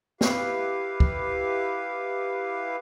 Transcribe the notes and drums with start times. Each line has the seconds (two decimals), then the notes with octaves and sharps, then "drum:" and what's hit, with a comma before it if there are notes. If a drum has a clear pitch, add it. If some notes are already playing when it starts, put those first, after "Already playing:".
0.21 E4 G4 B4 F5, drum: snare
1.00 drum: kick